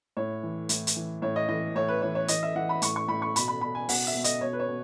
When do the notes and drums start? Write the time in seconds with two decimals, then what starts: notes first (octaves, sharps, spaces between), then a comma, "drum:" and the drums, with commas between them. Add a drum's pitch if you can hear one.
0.17 A2 C#5
0.43 E3
0.69 A2, drum: hi-hat
0.87 drum: hi-hat
0.96 E3
1.22 A2 C#5
1.36 D#5
1.48 E3 D#5
1.75 A2 C#5
1.88 B4
2.02 E3 C#5
2.15 C#5
2.28 E3 D#5, drum: hi-hat
2.43 E5
2.55 E3 F#5
2.69 B5
2.82 A2 C#6, drum: hi-hat
2.96 C#6
3.08 A2 B5
3.22 C#6
3.36 B2 B5, drum: hi-hat
3.48 B5
3.61 B2 B5
3.75 G#5
3.89 B2 F#5, drum: open hi-hat
4.07 E5
4.15 B2
4.24 D#5, drum: hi-hat
4.41 B2 C#5
4.53 B4
4.59 C#5
4.69 B2